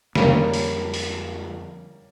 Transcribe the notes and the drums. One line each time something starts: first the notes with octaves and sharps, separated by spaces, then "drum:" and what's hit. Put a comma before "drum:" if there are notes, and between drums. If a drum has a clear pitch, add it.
F2 D3 G3 A#3 C#4, drum: snare
drum: open hi-hat
drum: open hi-hat